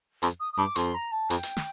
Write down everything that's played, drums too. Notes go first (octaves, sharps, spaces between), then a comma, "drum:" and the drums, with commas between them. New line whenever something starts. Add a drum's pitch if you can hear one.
F2, drum: hi-hat
D#6
D#6
G2 D6
F2 C6, drum: hi-hat
A#5
A5
F2 G5, drum: hi-hat
drum: hi-hat
drum: snare